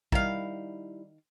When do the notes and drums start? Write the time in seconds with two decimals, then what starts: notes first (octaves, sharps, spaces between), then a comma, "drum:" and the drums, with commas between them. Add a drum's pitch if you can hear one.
0.12 D#3 G3 D#4 E4 F5, drum: kick